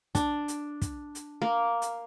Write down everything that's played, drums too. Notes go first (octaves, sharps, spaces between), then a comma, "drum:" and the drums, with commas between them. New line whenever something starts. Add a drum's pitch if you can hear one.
D4, drum: kick, hi-hat
drum: hi-hat
drum: kick, hi-hat
drum: hi-hat
A#3
drum: hi-hat